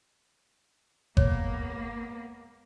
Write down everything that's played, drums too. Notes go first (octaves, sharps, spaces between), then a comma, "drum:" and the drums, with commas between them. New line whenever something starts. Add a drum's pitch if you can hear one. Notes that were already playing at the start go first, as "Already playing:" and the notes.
G#3 A#3 B3 C#5, drum: kick G1